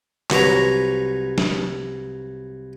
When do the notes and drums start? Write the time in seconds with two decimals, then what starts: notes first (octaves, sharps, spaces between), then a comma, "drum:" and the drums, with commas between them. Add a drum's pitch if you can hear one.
0.30 C2 F#3 B4 C#5 A#5, drum: clap
1.38 drum: snare